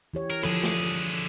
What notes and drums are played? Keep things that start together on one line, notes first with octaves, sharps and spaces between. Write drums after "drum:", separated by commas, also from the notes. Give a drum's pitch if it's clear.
E3 G4 C#5
A#4
D3 F3 G#4 A4, drum: rim click
drum: snare